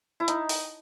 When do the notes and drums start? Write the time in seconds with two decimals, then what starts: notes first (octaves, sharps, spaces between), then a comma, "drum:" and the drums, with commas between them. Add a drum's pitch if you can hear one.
0.20 E4
0.28 D#4, drum: hi-hat
0.49 drum: open hi-hat